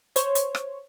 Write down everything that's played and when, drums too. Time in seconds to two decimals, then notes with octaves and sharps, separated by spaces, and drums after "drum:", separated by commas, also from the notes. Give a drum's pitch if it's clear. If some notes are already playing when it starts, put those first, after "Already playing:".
0.16 C5 C#5, drum: hi-hat
0.35 drum: hi-hat
0.55 drum: rim click